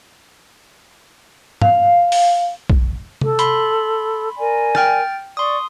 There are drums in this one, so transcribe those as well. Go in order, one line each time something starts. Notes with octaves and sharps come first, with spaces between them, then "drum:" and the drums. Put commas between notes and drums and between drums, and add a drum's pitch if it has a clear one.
F5, drum: tom
drum: open hi-hat
drum: kick B1
A4, drum: tom C3
B5 C6, drum: hi-hat
A#4 D5 G#5
G5 F6 A6, drum: rim click
D5 C6 C#6 D#6